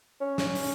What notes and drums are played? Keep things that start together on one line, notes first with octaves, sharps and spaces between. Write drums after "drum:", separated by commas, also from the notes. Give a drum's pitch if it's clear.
C#4
drum: snare
drum: open hi-hat